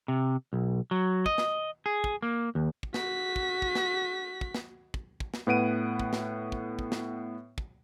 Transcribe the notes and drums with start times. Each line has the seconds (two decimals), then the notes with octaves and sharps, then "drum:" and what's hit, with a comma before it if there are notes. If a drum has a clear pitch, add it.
0.08 C3
0.53 B1
0.91 F#3
1.26 D#5, drum: kick
1.38 drum: snare
1.86 G#4
2.04 drum: kick
2.22 A#3
2.55 D#2
2.83 drum: kick
2.94 F#4 B6, drum: snare
3.36 drum: kick
3.62 drum: kick
3.75 drum: snare
4.41 drum: kick
4.54 drum: snare
4.94 drum: kick
5.20 drum: kick
5.34 drum: snare
5.47 A2 B3 B4 F#5 D7 D#7
6.00 drum: kick
6.13 drum: snare
6.52 drum: kick
6.79 drum: kick
6.92 drum: snare
7.58 drum: kick